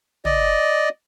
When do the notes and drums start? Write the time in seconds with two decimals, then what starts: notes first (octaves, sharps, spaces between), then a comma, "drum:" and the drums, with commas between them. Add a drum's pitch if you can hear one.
0.25 D5 D#5, drum: tom